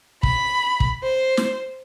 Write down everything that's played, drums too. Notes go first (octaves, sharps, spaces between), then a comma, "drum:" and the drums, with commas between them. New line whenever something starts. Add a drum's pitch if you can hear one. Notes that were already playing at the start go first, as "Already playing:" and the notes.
B5, drum: kick
drum: kick
C5
drum: snare